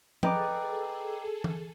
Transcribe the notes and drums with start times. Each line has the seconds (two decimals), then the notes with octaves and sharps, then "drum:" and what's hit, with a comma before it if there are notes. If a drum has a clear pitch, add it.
0.23 G#4 A4 B4 D5 D#5 G5 A#5 D6, drum: tom F3
1.44 drum: tom E3